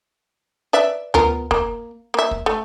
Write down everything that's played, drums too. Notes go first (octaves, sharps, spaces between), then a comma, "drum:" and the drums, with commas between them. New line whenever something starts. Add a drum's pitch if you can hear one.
B4 D5 E5
B3 F4 A#4, drum: tom D2
A#3, drum: kick
A#3 E5
drum: kick
A3